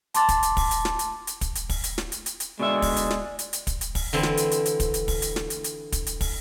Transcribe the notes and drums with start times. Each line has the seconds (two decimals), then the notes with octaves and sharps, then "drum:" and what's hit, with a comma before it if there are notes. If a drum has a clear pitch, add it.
0.14 A5 C6 D6 A6, drum: hi-hat
0.29 drum: kick, hi-hat
0.43 drum: hi-hat
0.57 drum: kick, open hi-hat
0.71 drum: hi-hat
0.85 drum: snare
0.99 drum: hi-hat
1.27 drum: hi-hat
1.41 drum: kick, hi-hat
1.55 drum: hi-hat
1.70 drum: kick, open hi-hat
1.84 drum: hi-hat
1.98 drum: snare
2.12 drum: hi-hat
2.26 drum: hi-hat
2.40 drum: hi-hat
2.60 B2 D3 G#3 D5 E5
2.82 drum: kick, open hi-hat
2.96 drum: hi-hat
3.10 drum: snare
3.39 drum: hi-hat
3.53 drum: hi-hat
3.67 drum: kick, hi-hat
3.81 drum: hi-hat
3.95 drum: kick, open hi-hat
4.13 D3 E3 C4
4.23 drum: snare
4.37 drum: hi-hat
4.51 drum: hi-hat
4.66 drum: hi-hat
4.80 drum: kick, hi-hat
4.94 drum: hi-hat
5.08 drum: kick, open hi-hat
5.22 drum: hi-hat
5.36 drum: snare
5.50 drum: hi-hat
5.64 drum: hi-hat
5.92 drum: kick, hi-hat
6.07 drum: hi-hat
6.21 drum: kick, open hi-hat